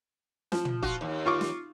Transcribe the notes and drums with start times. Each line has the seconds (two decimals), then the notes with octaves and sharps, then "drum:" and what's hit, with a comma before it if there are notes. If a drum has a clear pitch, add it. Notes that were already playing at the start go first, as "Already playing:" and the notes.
0.52 F3, drum: snare
0.65 drum: tom
0.83 F4 F#4, drum: kick
1.01 D#2
1.26 F4 C#6 D6
1.41 drum: snare